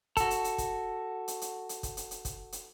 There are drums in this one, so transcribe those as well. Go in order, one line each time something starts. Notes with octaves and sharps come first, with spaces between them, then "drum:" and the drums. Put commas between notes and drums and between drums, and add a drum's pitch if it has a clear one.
F#4 A4, drum: kick, hi-hat
drum: hi-hat
drum: hi-hat
drum: kick, hi-hat
drum: hi-hat
drum: hi-hat
drum: hi-hat
drum: kick, hi-hat
drum: hi-hat
drum: hi-hat
drum: kick, hi-hat
drum: hi-hat